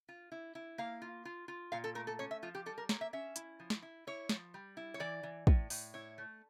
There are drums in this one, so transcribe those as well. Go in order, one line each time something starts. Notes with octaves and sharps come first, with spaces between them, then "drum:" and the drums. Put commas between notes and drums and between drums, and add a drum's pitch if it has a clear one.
F4
E4
E4
A#3 F5
F4
F4
F4
A#2 F5
A4
A3 A#4
A4
C#4 C#5
E5
F3 F4
G4
G3 A4
A#4
A#3 C#5, drum: snare
E5
C#4 E5
E4, drum: hi-hat
F3
drum: snare
E4
E4 C#5
F3, drum: snare
G3
E4
C#5
E3 D5
E3
A2, drum: kick
A2, drum: open hi-hat
E4 C#5
A3